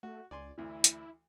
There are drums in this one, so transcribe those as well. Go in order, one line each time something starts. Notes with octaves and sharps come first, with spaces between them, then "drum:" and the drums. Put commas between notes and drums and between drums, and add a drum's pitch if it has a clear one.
A3 F#4
C#2 D5 G#5 C6
D2 E3 E4
drum: hi-hat